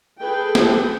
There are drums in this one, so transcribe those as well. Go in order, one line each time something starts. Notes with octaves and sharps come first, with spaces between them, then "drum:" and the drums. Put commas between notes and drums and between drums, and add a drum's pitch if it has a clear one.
G#4 A4 B4 G5
drum: snare